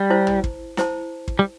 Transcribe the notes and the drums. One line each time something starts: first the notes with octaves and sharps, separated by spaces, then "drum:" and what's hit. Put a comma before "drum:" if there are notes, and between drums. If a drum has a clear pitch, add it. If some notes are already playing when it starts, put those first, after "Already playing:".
Already playing: G3
E4 C5 A5
drum: tom
drum: kick
E4 C5 A5, drum: snare
drum: kick
G3